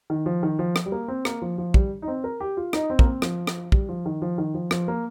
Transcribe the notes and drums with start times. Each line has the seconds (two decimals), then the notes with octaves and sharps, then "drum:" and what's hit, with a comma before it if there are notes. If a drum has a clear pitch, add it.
0.10 D#3
0.26 F3
0.43 D#3
0.59 F3
0.76 drum: rim click
0.86 G3
0.92 A#3
1.08 C4
1.25 A#3, drum: rim click
1.42 F3
1.58 F3
1.74 G3, drum: kick
2.02 D#4
2.08 C4
2.24 A#4
2.40 G4
2.57 F4
2.73 D#4, drum: rim click
2.90 C4
2.99 A#3, drum: kick
3.06 C4
3.22 F3, drum: rim click
3.47 drum: rim click
3.72 G3, drum: kick
3.89 F3
4.06 D#3
4.22 F3
4.38 D#3
4.54 F3
4.71 F3, drum: rim click
4.88 A#3